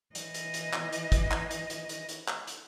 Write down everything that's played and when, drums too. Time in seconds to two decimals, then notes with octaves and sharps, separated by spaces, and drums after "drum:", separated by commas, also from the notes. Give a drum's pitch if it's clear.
0.15 E3 D#5, drum: hi-hat
0.34 drum: hi-hat
0.54 drum: hi-hat
0.73 drum: clap
0.92 drum: hi-hat
1.12 drum: kick, hi-hat
1.31 drum: clap
1.51 drum: hi-hat
1.70 drum: hi-hat
1.89 drum: hi-hat
2.09 drum: hi-hat
2.28 drum: clap
2.47 drum: hi-hat